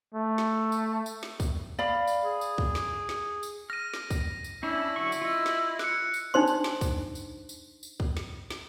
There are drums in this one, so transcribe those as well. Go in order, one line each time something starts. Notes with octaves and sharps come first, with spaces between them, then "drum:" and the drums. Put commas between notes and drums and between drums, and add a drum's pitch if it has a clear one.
A3
drum: snare
drum: tambourine
drum: tambourine
drum: snare
drum: kick, tambourine
D5 F5 B5
drum: tambourine
G#4
drum: tambourine
drum: kick
drum: snare
drum: snare
drum: tambourine
F6 A#6 D#7
drum: snare
drum: kick, tambourine
drum: tambourine
C#4 D4 E4 E6
D3 F#3 C#6
drum: tambourine
F4 D#5 E6
drum: snare
E6 F#6 C#7, drum: snare
drum: tambourine
D4 D#4 C5 C6
drum: tambourine
drum: snare
drum: kick, tambourine
drum: tambourine
drum: tambourine
drum: tambourine
drum: kick
drum: snare
drum: snare